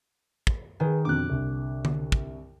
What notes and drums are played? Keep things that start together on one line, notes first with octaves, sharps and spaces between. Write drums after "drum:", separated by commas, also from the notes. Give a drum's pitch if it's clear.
drum: kick
D#3 G#4 B4 G#5
F2 B2 D3 D6 F#6
C2 D3
drum: tom D3
drum: kick